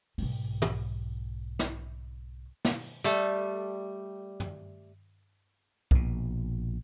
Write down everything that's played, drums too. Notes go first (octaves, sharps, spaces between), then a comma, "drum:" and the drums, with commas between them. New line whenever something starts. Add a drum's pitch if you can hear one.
B1 G#2, drum: open hi-hat
drum: tom
drum: snare
drum: snare
drum: open hi-hat
G3 A3 A4, drum: tambourine
drum: tom
A#1 B2, drum: kick B1